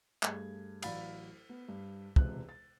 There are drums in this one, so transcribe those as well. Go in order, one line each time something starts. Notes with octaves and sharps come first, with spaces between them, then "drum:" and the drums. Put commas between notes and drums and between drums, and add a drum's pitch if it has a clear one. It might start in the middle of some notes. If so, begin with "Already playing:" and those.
G2 A3 G#4 G#6, drum: clap
A1 F#3 D5 F5 B5 A6, drum: cymbal
B3
G2
E1 C#2 C3 F#6, drum: kick
A6